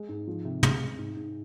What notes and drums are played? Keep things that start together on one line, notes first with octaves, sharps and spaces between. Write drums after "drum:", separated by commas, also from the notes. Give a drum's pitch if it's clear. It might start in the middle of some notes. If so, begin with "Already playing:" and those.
Already playing: G#3
G#2
F3
C3
G#3, drum: tom
G#3
G#2
G#2